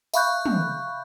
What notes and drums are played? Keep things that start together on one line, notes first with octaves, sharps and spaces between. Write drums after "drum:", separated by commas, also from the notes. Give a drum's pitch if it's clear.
E5 F5 B5 C#6 F#6 G6, drum: tambourine
drum: tom